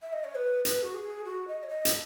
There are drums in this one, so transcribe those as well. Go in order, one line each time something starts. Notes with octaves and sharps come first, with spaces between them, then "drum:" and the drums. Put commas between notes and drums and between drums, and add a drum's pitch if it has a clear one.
E5
D#5
C#5
B4
B4, drum: hi-hat
F#4
G#4
F#4
D#5
C#5
D#5
drum: hi-hat